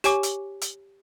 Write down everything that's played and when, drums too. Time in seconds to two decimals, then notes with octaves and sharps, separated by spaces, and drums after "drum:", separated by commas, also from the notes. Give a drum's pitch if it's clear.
0.04 G4 C#5 G#5 D6, drum: hi-hat
0.23 drum: hi-hat
0.62 drum: hi-hat